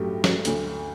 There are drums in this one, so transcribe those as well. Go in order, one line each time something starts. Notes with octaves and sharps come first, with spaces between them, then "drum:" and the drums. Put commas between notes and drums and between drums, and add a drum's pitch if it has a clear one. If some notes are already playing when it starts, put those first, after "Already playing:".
Already playing: A1 G2 F#3 A3 G4
drum: snare
D2 D3 A3, drum: hi-hat